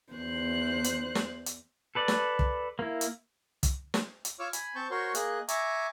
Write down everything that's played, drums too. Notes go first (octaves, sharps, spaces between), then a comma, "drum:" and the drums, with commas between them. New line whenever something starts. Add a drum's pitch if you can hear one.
E2 C5 F#6
drum: hi-hat
drum: snare
drum: hi-hat
A4 B4 D5
drum: snare
drum: kick
A#3 E4
drum: hi-hat
drum: kick, hi-hat
drum: snare
drum: hi-hat
F4 C#5 C#6 D6 E6 F6
G#5 B5, drum: hi-hat
C4 A5 C#6 G6
F#4 A#4 C5 C#5 C6 C#6
A#3 G#4 D#5 F#6, drum: hi-hat
E5 G#5 A#5 C#6 D6, drum: hi-hat